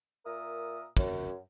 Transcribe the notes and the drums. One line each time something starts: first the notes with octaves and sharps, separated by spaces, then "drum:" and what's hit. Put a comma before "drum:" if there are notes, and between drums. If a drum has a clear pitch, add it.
A#2 A#4 E5 D#6
F#2, drum: kick